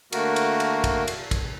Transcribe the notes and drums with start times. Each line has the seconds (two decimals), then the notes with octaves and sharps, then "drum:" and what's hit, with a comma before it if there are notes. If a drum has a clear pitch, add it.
0.13 D3 A3 A#3 F#4 A#4, drum: cymbal
0.36 drum: cymbal
0.60 drum: cymbal
0.84 drum: kick, cymbal
1.08 drum: cymbal
1.31 drum: kick, cymbal